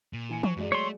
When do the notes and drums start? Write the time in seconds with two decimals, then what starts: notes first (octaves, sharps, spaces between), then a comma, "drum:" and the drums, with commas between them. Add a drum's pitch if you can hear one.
0.13 A#2
0.29 E3 G#5 C#7
0.43 F#3 C#6, drum: tom E3
0.57 F#2 F#3 G#3 D5
0.72 A3 C#5 C6